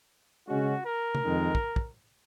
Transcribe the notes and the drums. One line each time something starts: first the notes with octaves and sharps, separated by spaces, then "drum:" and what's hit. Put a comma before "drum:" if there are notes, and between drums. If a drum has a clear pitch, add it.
C#3 G#3 C#4 F#4
A#4
drum: tom C3
F2 D#3 G#3
drum: kick
drum: kick